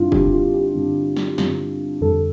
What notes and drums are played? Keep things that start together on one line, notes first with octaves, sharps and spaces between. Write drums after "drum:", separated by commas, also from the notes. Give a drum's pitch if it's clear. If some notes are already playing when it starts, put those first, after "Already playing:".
Already playing: G2 D3 G3 C4 D4 E4 F4
G2 D3 G3 C4 G4, drum: kick
F4
G4
G2 D3 G3 C4
drum: snare
G2 D3 G3 C4, drum: snare
F2 D3 G3 A4